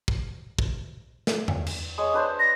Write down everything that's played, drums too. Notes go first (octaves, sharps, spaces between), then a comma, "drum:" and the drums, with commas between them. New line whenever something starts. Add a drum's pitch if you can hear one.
drum: kick
drum: kick
drum: snare
drum: tom E2
drum: cymbal
G#3 C#5 D#6
D4 B4 C5
A#6